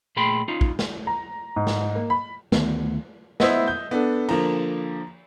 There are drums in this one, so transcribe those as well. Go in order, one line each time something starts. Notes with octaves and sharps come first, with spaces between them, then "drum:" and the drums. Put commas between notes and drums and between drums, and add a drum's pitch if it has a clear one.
A#2 A3 G#4 G5 B5 C6
C#4 D#4 F4
drum: kick
drum: snare
A#5
G#2
drum: snare
A#3
B5
D2 D#3 A3 B3, drum: snare
B3 E4 C5 D#5 E5, drum: snare
G6
B3 D4 A4
D3 F3 A#3 A#5, drum: cymbal